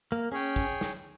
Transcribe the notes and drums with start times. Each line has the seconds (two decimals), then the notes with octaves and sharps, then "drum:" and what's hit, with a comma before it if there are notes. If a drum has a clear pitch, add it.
0.12 A#3
0.32 C#4 G#4 C#5 G5
0.56 drum: kick, tambourine
0.81 drum: snare